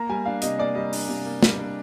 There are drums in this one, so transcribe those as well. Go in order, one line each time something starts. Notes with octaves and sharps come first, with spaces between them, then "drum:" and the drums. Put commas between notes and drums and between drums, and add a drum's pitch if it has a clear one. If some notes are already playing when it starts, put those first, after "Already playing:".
Already playing: A#3 A#5
G3 G#5
D4 F5
C3 D#5, drum: hi-hat
A#3 D5
G3 D#5
D4, drum: open hi-hat
C3
A#3
G3, drum: snare
D4